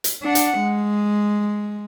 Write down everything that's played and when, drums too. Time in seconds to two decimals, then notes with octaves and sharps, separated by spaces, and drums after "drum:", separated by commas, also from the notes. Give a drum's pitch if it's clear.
0.04 drum: hi-hat
0.23 D4 F#5
0.35 drum: hi-hat
0.57 G#3